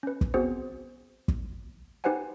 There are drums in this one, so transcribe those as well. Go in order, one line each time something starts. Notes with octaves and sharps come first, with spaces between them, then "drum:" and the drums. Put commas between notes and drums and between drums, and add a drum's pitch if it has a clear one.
C#4 B4
drum: kick
B3 C4 F#4 G#4 C5
drum: kick
D#4 G4 B4 C5 F#5 G#5